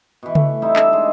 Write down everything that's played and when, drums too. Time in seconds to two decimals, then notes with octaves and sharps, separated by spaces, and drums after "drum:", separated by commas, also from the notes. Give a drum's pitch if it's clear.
0.23 B2 E3
0.35 A3, drum: tom C#3
0.62 G3 C4 D#4 E4
0.76 D4 D#4 A4 E5, drum: clap
0.93 G#3